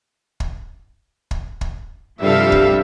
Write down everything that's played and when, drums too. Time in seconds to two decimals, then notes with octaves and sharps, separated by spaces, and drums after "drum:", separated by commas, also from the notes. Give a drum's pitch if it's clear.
0.40 drum: kick
1.31 drum: kick
1.61 drum: kick
2.22 G2 C3 F3 G3 A4 E5 F5
2.52 drum: kick